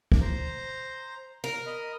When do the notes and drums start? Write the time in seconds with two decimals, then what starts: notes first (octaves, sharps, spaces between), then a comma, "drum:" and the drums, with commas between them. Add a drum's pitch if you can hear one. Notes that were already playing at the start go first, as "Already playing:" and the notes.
0.12 drum: kick
0.21 C5 A#5
1.44 A#4
1.66 D#5 B5